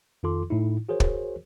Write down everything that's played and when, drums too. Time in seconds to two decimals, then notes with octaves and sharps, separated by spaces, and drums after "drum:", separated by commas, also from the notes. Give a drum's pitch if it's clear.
0.23 F2 D#3 F4 A4 C6 D6
0.50 A2 D#4 E4
0.89 F#4 G#4 A#4 C5 C#5
1.00 drum: kick